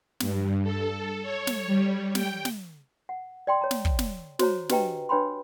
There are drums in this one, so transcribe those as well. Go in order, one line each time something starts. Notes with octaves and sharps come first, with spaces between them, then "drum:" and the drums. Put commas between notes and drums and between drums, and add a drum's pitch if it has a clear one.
G2, drum: snare
A4
C#5
drum: snare
G3
G5, drum: snare
drum: snare
F#5
D5 G5 C6
C#5 A#5
drum: snare
drum: kick
drum: snare
F#4 C5 C#5 A#5, drum: snare
D4 G4 B4 D#5 G5 A#5, drum: snare
D4 B4 C#5 G5 B5 C6